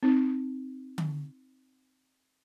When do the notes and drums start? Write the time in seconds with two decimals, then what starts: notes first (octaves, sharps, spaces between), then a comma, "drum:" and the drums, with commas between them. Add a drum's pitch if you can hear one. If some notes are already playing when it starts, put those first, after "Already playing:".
0.03 C4 D#4
0.98 drum: tom D3